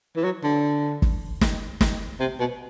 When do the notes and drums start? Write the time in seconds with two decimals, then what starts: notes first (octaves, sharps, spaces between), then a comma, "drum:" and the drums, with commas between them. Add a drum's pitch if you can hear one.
0.16 E3
0.24 F#3
0.43 D3
1.02 drum: kick
1.41 drum: snare
1.81 drum: snare
2.20 C3
2.39 B2